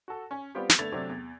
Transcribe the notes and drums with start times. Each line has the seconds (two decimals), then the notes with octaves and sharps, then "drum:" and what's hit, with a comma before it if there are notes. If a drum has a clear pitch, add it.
0.08 F#4 A4
0.31 C#4
0.55 G3 B3 C4 F4 G4
0.69 drum: snare
0.78 D3 A3 B3 G#6 A6 F7
0.92 C3 F#3 A3 C4 D4
1.09 E2